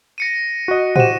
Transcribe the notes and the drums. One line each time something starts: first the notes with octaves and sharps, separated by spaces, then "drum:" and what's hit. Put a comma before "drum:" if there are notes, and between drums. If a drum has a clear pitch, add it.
A#6 C#7 D#7
F#4 D#5
G4 C5 F#5 D#7 E7, drum: tom A2